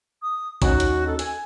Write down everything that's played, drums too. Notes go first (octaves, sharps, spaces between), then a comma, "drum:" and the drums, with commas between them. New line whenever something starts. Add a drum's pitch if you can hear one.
D#6
D#2 C#4 D#4 F#4, drum: kick, hi-hat
drum: hi-hat
A4
G#5, drum: hi-hat